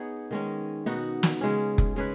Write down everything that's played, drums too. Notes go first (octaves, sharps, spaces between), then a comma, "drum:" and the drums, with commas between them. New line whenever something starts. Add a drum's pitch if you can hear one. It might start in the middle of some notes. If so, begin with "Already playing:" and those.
Already playing: B3 D#4 G#4 C#5
D#3 G#3 C#4
B2 B3 D#4 F#4
drum: snare
C#3 G#3 C#4
drum: kick F1
G#3 C#4 G#4 B4